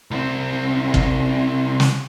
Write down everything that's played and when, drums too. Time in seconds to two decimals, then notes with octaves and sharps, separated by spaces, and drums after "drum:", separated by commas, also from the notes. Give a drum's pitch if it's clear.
0.11 C2 C4
0.94 drum: kick
1.80 drum: snare